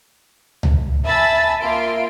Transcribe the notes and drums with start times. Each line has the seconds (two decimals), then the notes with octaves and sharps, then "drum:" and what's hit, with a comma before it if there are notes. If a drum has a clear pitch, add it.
0.63 drum: tom C#2
1.05 E5 G#5 A5 B5 E6 A6
1.61 A#3 F4 E5 C6 D7